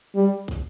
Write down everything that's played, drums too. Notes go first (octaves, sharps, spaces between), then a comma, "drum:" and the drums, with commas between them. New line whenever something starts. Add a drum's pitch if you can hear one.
G3
drum: kick